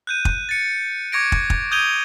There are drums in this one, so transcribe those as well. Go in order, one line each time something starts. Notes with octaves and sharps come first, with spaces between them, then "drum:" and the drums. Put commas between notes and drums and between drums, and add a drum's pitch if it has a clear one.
F#6 G6 D#7
drum: kick
A6 C#7
C#6 D6 G#6 A#6 C#7 D7
drum: kick
drum: kick
D#6 G6 G#6 D#7 F7 G7